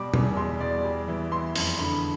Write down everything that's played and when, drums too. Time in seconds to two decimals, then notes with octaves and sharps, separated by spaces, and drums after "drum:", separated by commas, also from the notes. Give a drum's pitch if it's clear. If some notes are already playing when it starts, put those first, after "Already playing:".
Already playing: B2 G3 D6
0.14 E2, drum: tom B2
0.37 E2 C6
0.61 E2 D5
0.84 G3
1.08 E3
1.31 E3 C6
1.55 F2, drum: open hi-hat
1.79 D3 B5